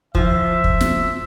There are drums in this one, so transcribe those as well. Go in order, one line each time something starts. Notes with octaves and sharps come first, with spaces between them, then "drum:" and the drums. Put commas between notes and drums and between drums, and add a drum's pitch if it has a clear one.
F3 E5, drum: kick
drum: kick
drum: snare